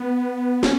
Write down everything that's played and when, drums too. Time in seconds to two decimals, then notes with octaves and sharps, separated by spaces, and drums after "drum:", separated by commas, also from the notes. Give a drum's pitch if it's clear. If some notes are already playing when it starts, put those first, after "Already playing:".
Already playing: B3
0.63 C#4, drum: snare